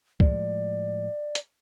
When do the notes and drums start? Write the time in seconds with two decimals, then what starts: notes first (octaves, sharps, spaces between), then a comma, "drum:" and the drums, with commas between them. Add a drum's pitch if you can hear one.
0.20 A2 F3 G#3 D5, drum: kick C#2
1.35 drum: hi-hat